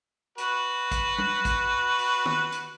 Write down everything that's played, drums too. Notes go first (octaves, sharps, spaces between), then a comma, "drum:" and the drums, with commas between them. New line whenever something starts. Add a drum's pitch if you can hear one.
F#4 B4, drum: hi-hat
drum: kick, hi-hat
drum: tom
drum: kick, hi-hat
drum: open hi-hat
drum: tom
drum: hi-hat